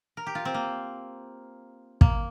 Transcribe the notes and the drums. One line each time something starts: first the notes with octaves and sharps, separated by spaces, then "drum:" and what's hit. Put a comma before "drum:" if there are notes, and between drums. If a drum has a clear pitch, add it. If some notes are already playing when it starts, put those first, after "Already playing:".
A#4
G4
F4
C4
A#3
A#3, drum: kick